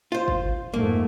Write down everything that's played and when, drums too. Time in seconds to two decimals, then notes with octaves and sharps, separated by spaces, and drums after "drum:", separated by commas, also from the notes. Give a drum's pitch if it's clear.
0.12 F4 C5
0.28 drum: kick
0.74 F2 G#2 A3 A#3